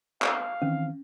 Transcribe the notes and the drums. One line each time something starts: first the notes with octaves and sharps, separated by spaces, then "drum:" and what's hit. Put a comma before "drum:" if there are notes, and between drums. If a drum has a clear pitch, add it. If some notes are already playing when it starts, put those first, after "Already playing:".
F5, drum: clap
D#3 E3 C4 C#4